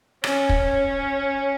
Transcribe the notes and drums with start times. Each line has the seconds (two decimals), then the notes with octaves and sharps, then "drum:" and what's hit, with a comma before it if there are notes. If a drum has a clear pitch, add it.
0.24 C#4, drum: rim click
0.49 drum: kick
0.62 C#4